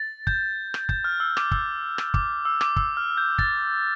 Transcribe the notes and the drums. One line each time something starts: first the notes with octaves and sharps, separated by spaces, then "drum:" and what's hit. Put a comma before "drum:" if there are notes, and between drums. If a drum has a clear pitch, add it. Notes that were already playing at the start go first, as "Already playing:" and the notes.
Already playing: A6
G6, drum: kick
drum: rim click
G6, drum: kick
F6
E6
D6, drum: rim click
E6, drum: kick
drum: rim click
D6, drum: kick
E6
D6, drum: rim click
E6, drum: kick
F6
G6
A6, drum: kick